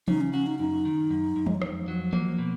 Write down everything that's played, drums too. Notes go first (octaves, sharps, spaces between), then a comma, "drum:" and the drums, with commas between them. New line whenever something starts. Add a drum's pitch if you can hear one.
C#3 D#4, drum: tom E3
C#4
C#4 F#4
D#4
F#2 D#4
D#3
F#2
F#2
G#3, drum: tom E3
F#3
F2 F3, drum: rim click
F3 F#3
A#3, drum: tom E3
B2